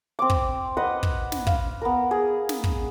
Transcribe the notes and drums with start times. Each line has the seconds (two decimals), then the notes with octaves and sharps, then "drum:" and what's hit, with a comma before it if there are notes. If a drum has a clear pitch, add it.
0.19 C4 D6
0.30 drum: kick
0.77 B4 D#5 F#5
1.03 drum: kick
1.32 drum: snare
1.47 F5, drum: kick
1.82 B3 A#4
2.11 G#4
2.49 drum: snare
2.64 drum: kick